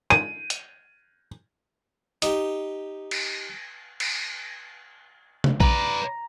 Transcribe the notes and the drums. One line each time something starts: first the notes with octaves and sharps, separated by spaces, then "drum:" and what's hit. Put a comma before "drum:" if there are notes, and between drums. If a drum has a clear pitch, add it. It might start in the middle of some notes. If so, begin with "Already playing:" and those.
D#7
drum: hi-hat
D#4 G4, drum: hi-hat
drum: cymbal
drum: cymbal
drum: tom C3
B4 D5 A#5, drum: kick A#1